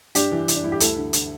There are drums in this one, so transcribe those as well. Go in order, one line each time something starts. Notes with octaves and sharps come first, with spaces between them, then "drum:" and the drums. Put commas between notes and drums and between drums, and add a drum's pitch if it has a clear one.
G2 D4 G4, drum: hi-hat
E3
E3, drum: hi-hat
D4
G2 E4
G4
D2 E4 A4, drum: hi-hat
D3
D3, drum: hi-hat